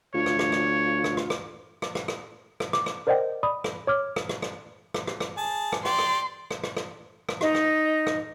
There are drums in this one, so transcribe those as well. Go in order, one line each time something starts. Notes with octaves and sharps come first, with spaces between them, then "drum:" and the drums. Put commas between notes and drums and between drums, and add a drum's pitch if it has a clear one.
D2 F4 C#5
drum: rim click
drum: rim click
drum: rim click
drum: rim click
drum: rim click
drum: rim click
drum: rim click
drum: rim click
drum: rim click
drum: rim click
D6, drum: rim click
drum: rim click
A#4 C5 D5 D#5 F#5 G5
D5 B5 D#6
drum: rim click
C#5 D6 F6
drum: rim click
drum: rim click
drum: rim click
drum: rim click
drum: rim click
drum: rim click
G#4 A5
drum: rim click
G4 D5 C6, drum: rim click
drum: rim click
drum: rim click
drum: rim click
drum: rim click
drum: rim click
D#4 D#5, drum: rim click
drum: rim click
drum: rim click